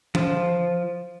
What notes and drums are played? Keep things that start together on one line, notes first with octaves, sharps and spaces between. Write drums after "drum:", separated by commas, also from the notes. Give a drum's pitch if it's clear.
F3, drum: tom E3